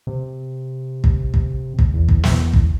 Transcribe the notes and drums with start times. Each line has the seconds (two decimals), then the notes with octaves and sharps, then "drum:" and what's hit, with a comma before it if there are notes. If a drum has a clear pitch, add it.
0.07 C3
1.04 drum: kick
1.34 drum: kick
1.79 drum: kick
1.94 E2
2.09 drum: kick
2.24 drum: snare
2.53 drum: kick